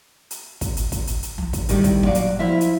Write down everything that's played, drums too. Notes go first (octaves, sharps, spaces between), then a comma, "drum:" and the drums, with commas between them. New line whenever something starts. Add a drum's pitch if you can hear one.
drum: hi-hat
drum: kick, hi-hat
drum: hi-hat
drum: kick, hi-hat
drum: hi-hat
drum: hi-hat
drum: tom
drum: kick, hi-hat
A2 D#3 G3, drum: hi-hat
drum: kick, hi-hat
A#2 F#3 D5 F5
drum: hi-hat
F3 E4 E5 F5
drum: hi-hat